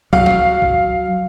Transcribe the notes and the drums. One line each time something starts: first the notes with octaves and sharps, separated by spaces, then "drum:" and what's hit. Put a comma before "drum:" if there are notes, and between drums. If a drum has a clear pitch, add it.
F#3 F5, drum: kick
drum: snare
drum: kick